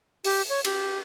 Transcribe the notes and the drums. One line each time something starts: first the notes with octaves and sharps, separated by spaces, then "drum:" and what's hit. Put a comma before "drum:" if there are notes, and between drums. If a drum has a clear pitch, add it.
G4, drum: open hi-hat
C#5
G4, drum: cymbal